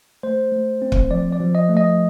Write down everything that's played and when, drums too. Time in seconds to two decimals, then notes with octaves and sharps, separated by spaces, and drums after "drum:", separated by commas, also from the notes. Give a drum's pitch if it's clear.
0.23 A3 C5
0.52 A3
0.82 C4
0.92 drum: kick
1.10 F3 D5
1.32 D5
1.40 F3
1.55 D#5
1.69 A3
1.77 D#5